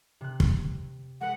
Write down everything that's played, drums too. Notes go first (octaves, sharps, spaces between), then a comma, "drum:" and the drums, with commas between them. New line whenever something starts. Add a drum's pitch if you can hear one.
C3 F#6
drum: kick
G#3 B4 F#5